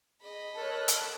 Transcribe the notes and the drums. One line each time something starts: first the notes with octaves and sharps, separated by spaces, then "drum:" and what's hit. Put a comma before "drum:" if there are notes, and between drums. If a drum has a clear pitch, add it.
G#4 D#5 B5
A4 A#4 C#5 F#6
drum: hi-hat